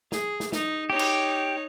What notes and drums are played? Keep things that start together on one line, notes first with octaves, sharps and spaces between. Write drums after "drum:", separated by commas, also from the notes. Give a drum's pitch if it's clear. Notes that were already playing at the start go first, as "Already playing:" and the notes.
G#4, drum: snare
drum: snare
D#4, drum: snare
D#4 G4 C#5
drum: cymbal